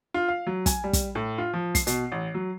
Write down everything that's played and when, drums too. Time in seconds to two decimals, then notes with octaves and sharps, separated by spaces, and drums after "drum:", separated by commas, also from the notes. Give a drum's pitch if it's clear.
0.14 F4
0.28 F5
0.47 F#3
0.66 G#5, drum: kick, hi-hat
0.84 G3
0.93 drum: kick, hi-hat
1.15 A2
1.38 F4
1.53 F3
1.75 C7, drum: kick, hi-hat
1.87 B2, drum: hi-hat
2.12 A1
2.34 F#3